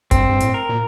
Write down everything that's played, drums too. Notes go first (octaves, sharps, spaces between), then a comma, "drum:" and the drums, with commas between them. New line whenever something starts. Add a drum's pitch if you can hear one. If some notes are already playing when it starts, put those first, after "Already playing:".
G2 C4, drum: kick G1, hi-hat
G2
A2, drum: hi-hat
A#4
A#2